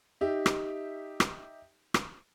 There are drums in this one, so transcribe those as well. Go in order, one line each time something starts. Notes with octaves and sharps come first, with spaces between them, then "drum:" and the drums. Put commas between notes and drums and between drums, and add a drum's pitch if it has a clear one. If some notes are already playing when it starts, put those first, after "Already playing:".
D#4 G4 E5
drum: rim click
drum: rim click
drum: rim click